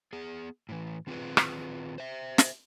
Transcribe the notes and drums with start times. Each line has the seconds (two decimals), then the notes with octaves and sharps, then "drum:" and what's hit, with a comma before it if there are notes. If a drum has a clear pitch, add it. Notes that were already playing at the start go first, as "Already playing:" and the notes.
0.13 B3 G#4
0.69 A2 E3
1.07 D#3 C4 F4 G#4 B4
1.37 drum: rim click
1.98 C5 E5
2.38 drum: snare